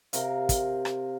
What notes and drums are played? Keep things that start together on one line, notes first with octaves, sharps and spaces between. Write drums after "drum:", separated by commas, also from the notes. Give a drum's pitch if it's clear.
C3 A#4 F5, drum: hi-hat
drum: kick, hi-hat
drum: rim click